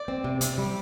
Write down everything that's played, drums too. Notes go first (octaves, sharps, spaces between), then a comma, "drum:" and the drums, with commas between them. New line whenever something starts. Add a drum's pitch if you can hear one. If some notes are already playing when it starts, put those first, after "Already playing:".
Already playing: D5
C4
C3
C3, drum: hi-hat
G3